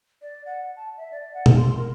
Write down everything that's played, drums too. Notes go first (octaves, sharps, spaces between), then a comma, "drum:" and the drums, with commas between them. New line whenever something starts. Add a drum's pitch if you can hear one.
D5
F#5
A5
E5
D5
F#5
drum: tom
C6
A#4